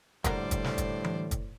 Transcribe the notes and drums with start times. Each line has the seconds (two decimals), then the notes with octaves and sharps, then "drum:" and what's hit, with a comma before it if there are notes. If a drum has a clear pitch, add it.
0.24 A2 D3 G3 A#3 F#4 A#4 C5 D5, drum: kick, hi-hat
0.51 drum: kick, hi-hat
0.64 drum: snare
0.78 drum: kick, hi-hat
1.04 drum: tom E3
1.31 drum: kick, hi-hat